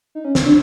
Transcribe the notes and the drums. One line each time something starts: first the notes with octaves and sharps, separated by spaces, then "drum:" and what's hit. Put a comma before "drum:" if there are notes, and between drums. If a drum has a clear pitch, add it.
D#4
C#4
C4, drum: snare
D4